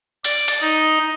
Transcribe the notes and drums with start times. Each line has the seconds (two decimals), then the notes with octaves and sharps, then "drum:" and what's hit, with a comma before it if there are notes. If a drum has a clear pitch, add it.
0.24 D5, drum: hi-hat
0.48 drum: hi-hat
0.61 D#4